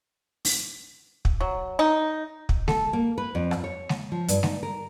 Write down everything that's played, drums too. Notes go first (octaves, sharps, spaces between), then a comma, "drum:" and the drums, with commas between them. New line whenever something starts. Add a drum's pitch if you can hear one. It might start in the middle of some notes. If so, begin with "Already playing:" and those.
drum: open hi-hat
drum: kick
F#3
D#4
drum: kick
A4, drum: snare G#3
A#3
B4
F2
drum: rim click
C#5
drum: snare G#3
F3
G2, drum: hi-hat
D#4, drum: snare G#3
A#4